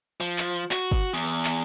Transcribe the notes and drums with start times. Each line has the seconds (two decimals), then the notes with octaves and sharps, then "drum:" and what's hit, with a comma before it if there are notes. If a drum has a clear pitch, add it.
0.20 F3, drum: open hi-hat
0.38 drum: clap
0.56 drum: hi-hat
0.71 F#4, drum: clap
0.92 drum: kick G1
1.13 E2
1.27 drum: hi-hat
1.45 drum: clap